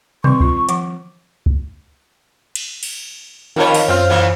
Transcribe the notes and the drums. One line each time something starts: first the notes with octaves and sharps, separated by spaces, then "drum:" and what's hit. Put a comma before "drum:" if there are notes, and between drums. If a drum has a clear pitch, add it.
D#3 G3 C4 C#6, drum: tom B2
G3 F4, drum: kick
F3 F#5 D6, drum: hi-hat
drum: kick
drum: cymbal
drum: cymbal
F2 D#3 F3 A#4 C#5
drum: cymbal
F#2 C4 F4 C5 F6
A#2 E3 B3